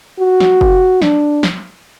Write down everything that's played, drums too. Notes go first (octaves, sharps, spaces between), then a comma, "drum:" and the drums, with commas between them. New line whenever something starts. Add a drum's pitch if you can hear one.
F#4
drum: snare
drum: kick F#1
D4, drum: snare
drum: snare